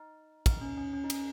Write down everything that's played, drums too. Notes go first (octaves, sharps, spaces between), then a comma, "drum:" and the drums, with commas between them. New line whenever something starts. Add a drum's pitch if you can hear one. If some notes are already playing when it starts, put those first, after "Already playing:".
Already playing: D#4
D#4, drum: kick, cymbal
C#4
C#4
C#4
D#4
C#4, drum: cymbal